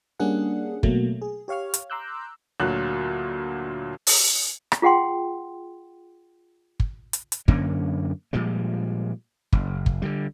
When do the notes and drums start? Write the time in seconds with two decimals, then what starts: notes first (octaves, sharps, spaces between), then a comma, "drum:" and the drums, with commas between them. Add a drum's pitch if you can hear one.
0.20 G3 A#3 C#4 D4 G#4 F#5
0.83 B2 F#3 A3 A#3, drum: kick
1.22 G#4
1.48 G4 C#5 F5 C#6 F6
1.74 drum: hi-hat
1.90 A#5 C6 D6 E6 F#6 G6
2.60 D2 A#2 F#3 F#6
4.07 drum: open hi-hat
4.72 drum: rim click
4.82 F4 G#4 F#5 G5 C6
6.80 drum: kick
7.13 drum: hi-hat
7.32 drum: hi-hat
7.48 F#2 D3 A#3 C#4, drum: kick
8.33 A#2 F3 G3 G#3
9.53 F#1, drum: kick
9.86 drum: kick
10.02 D3 D#3 G3